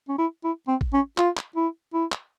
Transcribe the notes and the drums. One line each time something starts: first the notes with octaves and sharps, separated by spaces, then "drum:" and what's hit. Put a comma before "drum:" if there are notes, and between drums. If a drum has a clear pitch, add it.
C#4
E4
E4
C4
drum: kick A1
C#4
F4, drum: clap
drum: clap
E4
E4
drum: clap